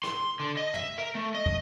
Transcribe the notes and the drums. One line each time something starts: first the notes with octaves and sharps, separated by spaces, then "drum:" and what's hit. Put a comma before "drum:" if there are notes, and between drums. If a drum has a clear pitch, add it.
C6, drum: snare
D3
D#5
E5, drum: tom
A#4
A3
D#5
drum: kick